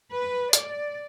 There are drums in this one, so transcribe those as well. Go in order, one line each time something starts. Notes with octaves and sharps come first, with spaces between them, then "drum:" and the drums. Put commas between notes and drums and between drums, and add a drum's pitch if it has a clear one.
B4
D5, drum: hi-hat